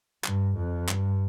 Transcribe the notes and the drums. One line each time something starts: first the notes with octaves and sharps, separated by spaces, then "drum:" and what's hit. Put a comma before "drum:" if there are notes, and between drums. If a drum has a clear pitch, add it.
G2, drum: clap
F2
G2, drum: clap